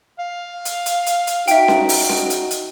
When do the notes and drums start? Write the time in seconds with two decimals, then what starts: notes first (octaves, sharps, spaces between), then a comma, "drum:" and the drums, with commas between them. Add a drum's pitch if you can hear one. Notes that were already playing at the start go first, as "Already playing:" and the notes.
0.19 F5
0.65 drum: hi-hat
0.86 drum: hi-hat
1.06 drum: hi-hat
1.27 drum: hi-hat
1.48 D#4 F#4 E5 G5, drum: hi-hat
1.68 drum: snare C#4
1.89 drum: open hi-hat
2.09 drum: snare C#4
2.30 drum: hi-hat
2.51 drum: hi-hat